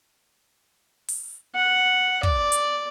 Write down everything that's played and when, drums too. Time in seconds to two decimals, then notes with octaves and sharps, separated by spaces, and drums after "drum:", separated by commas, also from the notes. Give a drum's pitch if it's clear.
1.08 drum: open hi-hat
1.55 F#5
2.23 D5, drum: kick
2.52 drum: hi-hat